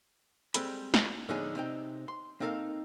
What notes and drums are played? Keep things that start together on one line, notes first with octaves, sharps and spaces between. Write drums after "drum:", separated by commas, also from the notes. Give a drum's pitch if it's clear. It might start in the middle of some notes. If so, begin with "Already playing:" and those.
G3 G#3 C4 A4 G#5 B5, drum: hi-hat
drum: snare
A2 D3 F3 B3 D#4 G#4
C3 C4 D#4 G5
C6
A#3 C4 D#4 A4 A#4 F5